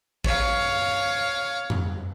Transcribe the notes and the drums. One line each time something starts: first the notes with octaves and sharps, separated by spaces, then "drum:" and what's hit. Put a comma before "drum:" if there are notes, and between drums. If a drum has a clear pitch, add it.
C#5 F5, drum: kick A1
drum: tom F2